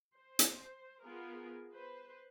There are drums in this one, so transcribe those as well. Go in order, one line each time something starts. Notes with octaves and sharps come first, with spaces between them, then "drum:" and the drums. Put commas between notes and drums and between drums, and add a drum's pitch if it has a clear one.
C5
drum: hi-hat
B3 F4 G#4 A#4
B4 C5